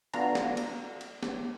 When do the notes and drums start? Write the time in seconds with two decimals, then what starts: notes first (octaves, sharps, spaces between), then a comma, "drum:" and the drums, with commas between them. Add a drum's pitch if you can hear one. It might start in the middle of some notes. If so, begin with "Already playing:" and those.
0.14 B3 D4 F4 F#4 A4 A#5, drum: cymbal
0.35 drum: snare
0.57 drum: cymbal
1.01 drum: cymbal
1.23 drum: snare